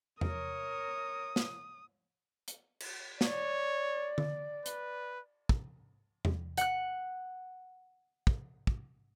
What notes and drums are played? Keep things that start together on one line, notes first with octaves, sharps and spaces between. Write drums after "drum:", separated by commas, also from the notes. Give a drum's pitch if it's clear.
A#4 C#5 D#6, drum: tom E2
drum: snare
drum: hi-hat
drum: cymbal
C#5 D5, drum: snare
drum: tom D3
B4, drum: hi-hat
drum: kick
drum: tom E2
F#5 F#6, drum: hi-hat
drum: kick
drum: kick